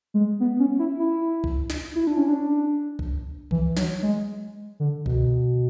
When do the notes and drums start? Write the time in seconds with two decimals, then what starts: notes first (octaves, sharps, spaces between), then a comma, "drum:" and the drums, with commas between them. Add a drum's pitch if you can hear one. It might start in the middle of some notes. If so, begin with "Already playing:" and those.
0.14 G#3
0.40 B3
0.59 C#4
0.79 E4
0.99 E4
1.44 drum: kick B1
1.70 drum: snare
1.96 E4
2.07 D4
2.17 C#4
2.28 D4
2.99 drum: kick B1
3.51 E3, drum: kick B1
3.77 F#3, drum: snare
4.02 G#3
4.80 D3
5.06 B2, drum: kick B1